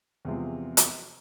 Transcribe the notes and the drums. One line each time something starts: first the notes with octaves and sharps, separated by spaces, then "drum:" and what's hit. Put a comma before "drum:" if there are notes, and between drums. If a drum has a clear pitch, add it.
E2 C3 F3 G#3
drum: hi-hat